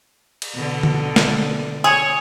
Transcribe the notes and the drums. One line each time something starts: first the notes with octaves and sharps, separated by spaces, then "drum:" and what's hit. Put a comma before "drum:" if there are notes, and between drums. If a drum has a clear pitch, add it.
drum: cymbal
B2 D3
drum: tom D3
drum: snare
G#4 C#5